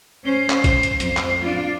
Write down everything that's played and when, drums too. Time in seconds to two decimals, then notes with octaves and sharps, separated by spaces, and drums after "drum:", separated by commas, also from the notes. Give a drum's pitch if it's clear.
0.25 C#4 C5
0.50 drum: clap
0.64 C5, drum: kick, hi-hat
0.83 drum: hi-hat
1.00 F2 C5, drum: hi-hat
1.17 drum: clap
1.42 D4 F4